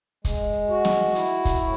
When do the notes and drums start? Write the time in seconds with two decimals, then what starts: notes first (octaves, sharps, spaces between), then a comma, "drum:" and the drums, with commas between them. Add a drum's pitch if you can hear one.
0.25 G#3, drum: kick, hi-hat
0.69 F#4
0.85 drum: snare
1.15 E4, drum: hi-hat
1.45 drum: kick, hi-hat
1.60 A2